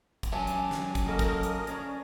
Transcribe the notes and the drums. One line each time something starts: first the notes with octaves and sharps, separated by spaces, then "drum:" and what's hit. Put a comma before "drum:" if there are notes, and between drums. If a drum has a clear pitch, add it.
drum: kick, hi-hat
F#3 C#4 G4 G#5 A5
drum: hi-hat
drum: snare
drum: kick, hi-hat
A#3 F#4 A4 A#4 D#5
drum: kick, hi-hat
drum: hi-hat
C#4 D4 C#5, drum: hi-hat